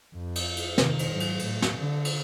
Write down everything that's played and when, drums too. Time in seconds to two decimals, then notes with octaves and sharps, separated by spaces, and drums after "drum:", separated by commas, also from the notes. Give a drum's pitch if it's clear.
0.14 F2
0.35 drum: cymbal
0.57 drum: cymbal
0.78 C3 D#3, drum: snare
0.99 drum: cymbal
1.10 G#2 F#3
1.20 drum: cymbal
1.39 A2, drum: cymbal
1.62 drum: snare
1.77 D3
2.05 drum: cymbal